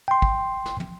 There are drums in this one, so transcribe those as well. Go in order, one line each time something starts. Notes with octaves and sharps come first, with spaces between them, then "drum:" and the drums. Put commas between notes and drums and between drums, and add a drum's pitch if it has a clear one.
G5 C6
drum: kick
drum: snare
drum: tom